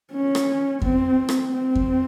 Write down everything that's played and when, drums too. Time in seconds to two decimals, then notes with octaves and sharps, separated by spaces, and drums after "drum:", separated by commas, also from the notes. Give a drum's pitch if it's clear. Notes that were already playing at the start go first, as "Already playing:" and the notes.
0.12 C#4
0.35 drum: rim click
0.82 C4, drum: kick F2
1.29 drum: rim click
1.52 C4
1.75 drum: kick F2